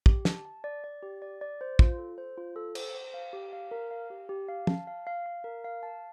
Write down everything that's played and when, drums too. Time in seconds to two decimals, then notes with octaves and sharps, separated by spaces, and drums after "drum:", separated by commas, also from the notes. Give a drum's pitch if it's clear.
0.06 G4, drum: kick
0.25 A5, drum: snare
0.45 A5
0.64 D5
0.84 D5
1.03 G4
1.22 D5
1.41 D5
1.61 C5
1.79 F4, drum: kick
1.98 A4
2.18 C5
2.37 F4
2.56 A4
2.75 C5, drum: cymbal
2.95 C5
3.14 F5
3.33 G4
3.53 F5
3.71 A#4
3.91 F5
4.10 G4
4.29 G4
4.49 F5
4.67 A5, drum: tom
4.87 F5
5.07 F5
5.26 F5
5.44 A#4
5.64 F5
5.83 A5